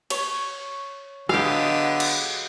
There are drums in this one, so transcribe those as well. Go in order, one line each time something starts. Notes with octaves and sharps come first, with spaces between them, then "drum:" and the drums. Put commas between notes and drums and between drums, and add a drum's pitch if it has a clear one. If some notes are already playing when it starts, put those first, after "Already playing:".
C#5, drum: cymbal
D3 F#3 B3 G4 G#4 D#5 F5, drum: rim click
drum: cymbal